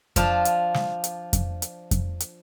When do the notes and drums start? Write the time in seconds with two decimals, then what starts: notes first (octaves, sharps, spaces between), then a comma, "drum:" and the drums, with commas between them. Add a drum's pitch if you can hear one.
0.16 F3 D4 F4, drum: kick F2, hi-hat
0.45 drum: hi-hat
0.74 drum: snare
1.04 drum: hi-hat
1.33 drum: kick F2, hi-hat
1.62 drum: hi-hat
1.91 drum: kick F2, hi-hat
2.20 drum: hi-hat